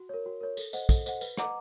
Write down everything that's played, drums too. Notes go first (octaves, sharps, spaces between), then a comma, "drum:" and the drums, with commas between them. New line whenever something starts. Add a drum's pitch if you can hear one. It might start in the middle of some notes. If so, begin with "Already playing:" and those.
Already playing: F#4
A#4 C#5
F#4
A#4 C#5
A4, drum: tambourine
C5 D#5 F#5, drum: tambourine
A4, drum: kick, tambourine
C5 D#5 F#5, drum: tambourine
B4, drum: tambourine
D#5 F#5 A#5 D6, drum: rim click